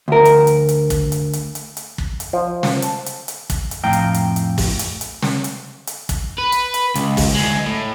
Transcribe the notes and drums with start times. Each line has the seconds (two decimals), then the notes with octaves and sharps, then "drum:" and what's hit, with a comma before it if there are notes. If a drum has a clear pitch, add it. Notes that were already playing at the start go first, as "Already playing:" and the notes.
0.08 D2 A#4
0.25 drum: hi-hat
0.47 drum: hi-hat
0.69 drum: hi-hat
0.90 drum: kick, hi-hat
1.12 drum: hi-hat
1.33 drum: hi-hat
1.55 drum: hi-hat
1.77 drum: hi-hat
1.98 drum: kick
2.20 drum: hi-hat
2.33 F3
2.63 drum: snare
2.82 A5, drum: hi-hat
3.06 drum: hi-hat
3.28 drum: hi-hat
3.50 drum: kick, hi-hat
3.71 drum: hi-hat
3.84 F2 A2 F5 G5 A#5
3.93 drum: hi-hat
4.14 drum: hi-hat
4.36 drum: hi-hat
4.58 drum: kick, open hi-hat
4.79 drum: hi-hat
5.01 drum: hi-hat
5.23 drum: snare
5.44 drum: hi-hat
5.87 drum: hi-hat
6.09 drum: kick, hi-hat
6.38 B4
6.52 drum: hi-hat
6.74 drum: hi-hat
6.95 C#2, drum: hi-hat
7.17 drum: kick, open hi-hat
7.34 D2 G#3
7.66 A2